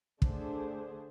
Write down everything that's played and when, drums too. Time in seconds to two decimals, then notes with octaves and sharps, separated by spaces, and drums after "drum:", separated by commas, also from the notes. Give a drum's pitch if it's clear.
0.22 D3 A3 D4 G#4 C5, drum: kick